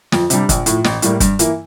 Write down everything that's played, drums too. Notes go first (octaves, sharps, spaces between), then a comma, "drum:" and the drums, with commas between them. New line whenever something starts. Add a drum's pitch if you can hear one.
F2, drum: snare
C3 G3 D4, drum: hi-hat
A#1, drum: kick, hi-hat
A2 F3, drum: hi-hat
A1, drum: snare
A2 G3 A#3, drum: hi-hat
G2, drum: kick, hi-hat
E3 A#3 E4, drum: hi-hat